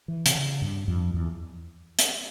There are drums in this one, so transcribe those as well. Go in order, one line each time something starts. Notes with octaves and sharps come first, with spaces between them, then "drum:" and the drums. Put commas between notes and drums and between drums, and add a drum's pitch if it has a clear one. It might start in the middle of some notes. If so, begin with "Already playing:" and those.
E3
C3, drum: hi-hat
C#3
G2
F2
E2
drum: hi-hat